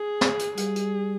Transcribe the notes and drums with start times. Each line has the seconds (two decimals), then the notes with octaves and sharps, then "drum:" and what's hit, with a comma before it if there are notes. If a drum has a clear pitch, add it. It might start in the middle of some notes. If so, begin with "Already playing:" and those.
Already playing: G#4
0.21 drum: snare
0.39 drum: hi-hat
0.57 G3 G#4, drum: hi-hat
0.76 drum: hi-hat